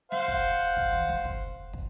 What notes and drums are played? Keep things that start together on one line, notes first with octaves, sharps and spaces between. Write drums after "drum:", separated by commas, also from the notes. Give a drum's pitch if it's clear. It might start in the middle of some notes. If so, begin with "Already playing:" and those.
C5 F5 F#5, drum: snare
drum: kick
drum: kick
drum: tom
drum: snare
drum: kick
drum: kick